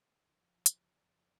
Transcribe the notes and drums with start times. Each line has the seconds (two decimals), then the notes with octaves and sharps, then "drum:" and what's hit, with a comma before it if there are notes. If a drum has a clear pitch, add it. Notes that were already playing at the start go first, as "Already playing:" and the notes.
Already playing: F2 C#3 F3
0.33 F4
0.66 drum: hi-hat
0.91 D5